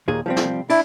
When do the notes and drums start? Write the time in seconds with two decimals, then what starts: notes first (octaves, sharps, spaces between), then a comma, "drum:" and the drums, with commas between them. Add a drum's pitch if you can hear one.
0.08 D#2 A#2 G#4
0.26 F3 G3 C4
0.36 drum: snare
0.70 D4 E4, drum: cymbal